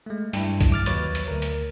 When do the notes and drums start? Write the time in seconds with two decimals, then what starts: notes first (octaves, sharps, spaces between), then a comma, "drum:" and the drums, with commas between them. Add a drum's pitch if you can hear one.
0.06 G#3 A3
0.33 G2 E4, drum: open hi-hat
0.61 drum: kick, hi-hat
0.72 D6 F6 A6
0.86 D#2 F#3 B4 C#5 A6, drum: hi-hat
1.15 drum: hi-hat
1.28 D2 A#4
1.42 drum: hi-hat